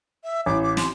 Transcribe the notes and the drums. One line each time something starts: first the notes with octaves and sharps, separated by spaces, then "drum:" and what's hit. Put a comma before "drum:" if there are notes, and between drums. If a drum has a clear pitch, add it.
E5
A1 D6
D6
C6, drum: snare